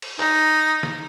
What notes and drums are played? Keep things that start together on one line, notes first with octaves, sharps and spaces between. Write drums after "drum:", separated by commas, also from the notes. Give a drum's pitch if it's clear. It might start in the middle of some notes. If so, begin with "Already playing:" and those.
drum: cymbal
D#4, drum: clap
drum: snare